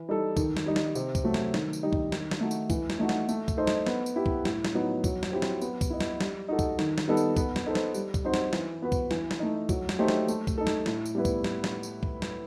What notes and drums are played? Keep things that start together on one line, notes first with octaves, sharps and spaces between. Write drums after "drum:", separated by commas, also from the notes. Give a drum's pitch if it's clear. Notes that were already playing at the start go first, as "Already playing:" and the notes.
Already playing: E3
G3 D#4 A4
D#3, drum: kick C2, tambourine
drum: snare
G3 D#4
drum: snare
C3, drum: tambourine
drum: kick C2, tambourine
F#3 A3
drum: snare
D#3, drum: snare
drum: tambourine
G3 D#4 G4
drum: kick C2
D#3, drum: snare
drum: snare
A3 D#4 F#4
drum: tambourine
E3, drum: kick C2, tambourine
drum: snare
A3 D#4 F#4
drum: snare
A3, drum: tambourine
drum: kick C2, tambourine
D#4 A4 C5 D#5
drum: snare
B3, drum: snare
drum: tambourine
E4 G4
drum: kick C2
A2, drum: snare
drum: snare
F#3 B3 D#4
F#3, drum: kick C2, tambourine
drum: snare
C4 E4 G4 C5
drum: snare
B3, drum: tambourine
drum: kick C2, tambourine
E4 B4 D#5
drum: snare
G3, drum: snare
D#4 F#4 A4
drum: kick C2, tambourine
D#3, drum: snare
drum: snare
G3 B3 D#4 A4
drum: tambourine
B3, drum: kick C2, tambourine
drum: snare
D#4 A4 C5
drum: snare
G3, drum: tambourine
drum: kick C2, tambourine
C4 D#4 F#4 C5
drum: snare
E3, drum: snare
B3 F#4 B4
drum: kick C2, tambourine
E3, drum: snare
drum: snare
A3 D#4
F#3, drum: kick C2, tambourine
drum: snare
A3 D#4 G4 C5
drum: snare
A3, drum: tambourine
drum: kick C2, tambourine
D#4 A4
drum: snare
A2, drum: snare
drum: tambourine
G3 B3 E4 B4
drum: kick C2, tambourine
drum: snare
drum: snare
drum: tambourine
drum: kick C2
drum: snare